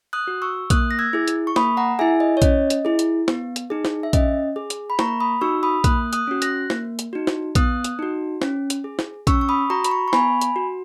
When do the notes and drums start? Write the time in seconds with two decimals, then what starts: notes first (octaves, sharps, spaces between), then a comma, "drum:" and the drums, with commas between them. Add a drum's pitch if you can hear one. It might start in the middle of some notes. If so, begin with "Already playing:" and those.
0.13 D#6 F#6
0.27 F#4
0.42 C#6 E6
0.70 A#3 D#6 F#6, drum: kick A#1, hi-hat
0.91 A#6
0.99 E6 G#6
1.13 E4 G#4
1.28 drum: hi-hat
1.47 C#6
1.56 A#3 B5 D#6, drum: snare
1.77 F#5 A#5
1.99 E4 G#4 E5 G#5
2.20 D#5
2.37 C#5
2.42 C#4 D#5, drum: kick A#1, hi-hat
2.70 drum: hi-hat
2.85 E4 G#4
2.99 drum: hi-hat
3.28 B3, drum: snare
3.56 drum: hi-hat
3.70 D#4 G#4
3.85 drum: snare
4.03 E5
4.13 C#4 D#5, drum: kick A#1, hi-hat
4.56 G#4
4.70 drum: hi-hat
4.90 B5
4.99 A#3 A#5 C#6, drum: snare
5.20 B5 D#6
5.41 D#4 F#4 C#6 E6
5.63 B5 D#6
5.84 A#3 D#6 F#6, drum: kick A#1, hi-hat
6.13 D#6 F#6, drum: hi-hat
6.27 C#4 F#4
6.42 F#6 A#6, drum: hi-hat
6.70 A#3, drum: snare
6.99 drum: hi-hat
7.13 D#4 F#4
7.27 drum: snare
7.55 B3 D#6 F#6, drum: kick A#1, hi-hat
7.84 drum: hi-hat
7.99 D#4 F#4
8.42 C#4, drum: snare
8.70 drum: hi-hat
8.84 G#4
8.99 drum: snare
9.27 C#4 C#6 E6, drum: kick A#1, hi-hat
9.41 C#6
9.49 B5 D#6
9.70 F#4 A#5 C#6
9.84 B5, drum: hi-hat
9.91 A#5 C#6
10.08 C#6
10.13 B3 G#5 B5, drum: snare
10.41 drum: hi-hat
10.56 F#4